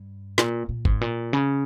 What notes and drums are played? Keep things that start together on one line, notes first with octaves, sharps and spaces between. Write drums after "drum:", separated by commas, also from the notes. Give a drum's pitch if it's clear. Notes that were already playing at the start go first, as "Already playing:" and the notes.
Already playing: G2
A#2, drum: snare
A#2
G#2, drum: kick G1
A#2
C#3